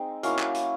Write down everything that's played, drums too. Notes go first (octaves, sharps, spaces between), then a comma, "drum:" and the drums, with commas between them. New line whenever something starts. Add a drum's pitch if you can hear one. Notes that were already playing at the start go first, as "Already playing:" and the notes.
Already playing: G#3 C4 D#4
F#3 A#3 C#4 E4 F5, drum: hi-hat
drum: clap
drum: hi-hat